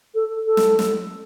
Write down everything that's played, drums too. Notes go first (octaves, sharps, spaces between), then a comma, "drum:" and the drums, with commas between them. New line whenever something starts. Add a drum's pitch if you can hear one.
A4
A4
drum: snare
drum: snare